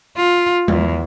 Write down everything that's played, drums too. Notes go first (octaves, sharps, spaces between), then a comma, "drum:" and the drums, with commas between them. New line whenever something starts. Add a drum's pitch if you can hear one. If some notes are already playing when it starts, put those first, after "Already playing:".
F4
E2, drum: tom G#3